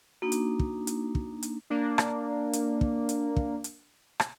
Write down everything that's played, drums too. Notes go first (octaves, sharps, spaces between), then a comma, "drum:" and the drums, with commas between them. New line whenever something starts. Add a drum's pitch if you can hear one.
A#3 D4 D#4 F#4
drum: hi-hat
drum: kick
drum: hi-hat
drum: kick
drum: hi-hat
A#3 D4
drum: rim click
drum: hi-hat
drum: kick
drum: hi-hat
drum: kick
drum: hi-hat
drum: rim click